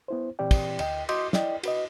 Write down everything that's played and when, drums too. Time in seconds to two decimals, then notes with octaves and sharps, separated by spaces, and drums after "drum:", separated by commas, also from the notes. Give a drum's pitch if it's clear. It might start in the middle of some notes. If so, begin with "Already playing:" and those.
0.08 B3 E4 C5
0.39 A#2 E3 C4 G4 D5 G5
0.51 drum: kick, cymbal
0.79 D2 D#5 G5, drum: cymbal
1.09 F#4 D#5 C6 D6 D#6 G6, drum: cymbal
1.33 E4 D5 D#5 G5, drum: snare
1.63 F#4 B4 D#5, drum: cymbal